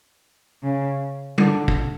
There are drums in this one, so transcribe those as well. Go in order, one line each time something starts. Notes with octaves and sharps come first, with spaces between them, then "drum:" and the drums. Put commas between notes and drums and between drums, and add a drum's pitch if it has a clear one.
C#3
D3, drum: tom G3
drum: kick